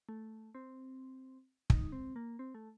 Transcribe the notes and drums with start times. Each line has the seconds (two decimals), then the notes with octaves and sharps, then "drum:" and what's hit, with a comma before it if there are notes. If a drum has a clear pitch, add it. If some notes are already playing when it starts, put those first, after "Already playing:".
0.09 A3
0.55 C4
1.70 D#4, drum: kick
1.92 C4
2.16 A#3
2.39 C4
2.55 A3